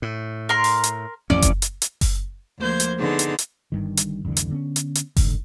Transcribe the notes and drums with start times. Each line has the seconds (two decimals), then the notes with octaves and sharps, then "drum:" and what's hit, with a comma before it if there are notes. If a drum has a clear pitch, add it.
0.02 A2
0.49 A#4 C6
0.64 drum: open hi-hat
0.84 drum: hi-hat
1.30 A1 F2 C#4 D5
1.42 drum: kick F#1, hi-hat
1.62 drum: hi-hat
1.82 drum: hi-hat
2.01 drum: kick F#1, open hi-hat
2.59 D2 F3 A#3 C5 G6 G#6
2.80 drum: hi-hat
2.99 D3 B3 D#4 G#4 B4 C6
3.19 drum: hi-hat
3.39 drum: hi-hat
3.72 G1 G2 D#3
3.97 drum: hi-hat
4.25 F1 C2 D3 E3
4.37 drum: hi-hat
4.50 D3 B3 C#4
4.76 drum: hi-hat
4.95 drum: hi-hat
5.16 C2 G#2 D3, drum: kick F#1, open hi-hat